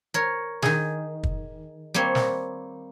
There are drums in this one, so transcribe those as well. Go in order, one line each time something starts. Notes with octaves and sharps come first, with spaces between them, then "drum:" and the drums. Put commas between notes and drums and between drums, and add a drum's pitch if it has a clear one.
A#4 C#5
D#3 G#4, drum: snare
drum: kick
G3 A#3 C4 C#5
drum: snare